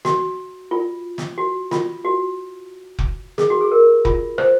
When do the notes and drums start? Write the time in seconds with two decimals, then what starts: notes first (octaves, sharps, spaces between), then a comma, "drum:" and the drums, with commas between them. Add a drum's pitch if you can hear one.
0.05 F#4, drum: snare
0.71 F4
1.18 drum: snare
1.38 F#4
1.71 F4, drum: snare
2.05 F#4
2.99 drum: kick F1
3.38 G#4, drum: snare
3.50 F#4
3.61 G#4
3.71 A#4
4.05 F4, drum: kick F1
4.38 C5, drum: rim click